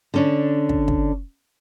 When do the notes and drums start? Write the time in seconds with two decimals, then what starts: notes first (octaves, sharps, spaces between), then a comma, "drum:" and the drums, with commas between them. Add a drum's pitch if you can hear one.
0.14 D3 C#4 D4
0.69 drum: kick
0.88 drum: kick